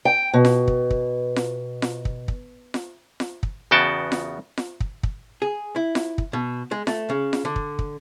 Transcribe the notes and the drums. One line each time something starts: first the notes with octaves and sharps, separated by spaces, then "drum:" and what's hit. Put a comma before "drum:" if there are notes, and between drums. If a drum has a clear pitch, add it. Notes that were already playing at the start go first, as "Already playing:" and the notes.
G5
B2
drum: snare F4
drum: kick
drum: kick
drum: snare F4
drum: snare F4
drum: kick
drum: kick
drum: snare F4
drum: snare F4
drum: kick
E2 C#3 B3 F#4 G5 A5
drum: snare F4
drum: snare F4
drum: kick
drum: kick
G#4
E4
drum: snare F4
drum: kick
B2
G#3
A3, drum: snare F4
C#3
drum: snare F4
D3
drum: kick
drum: kick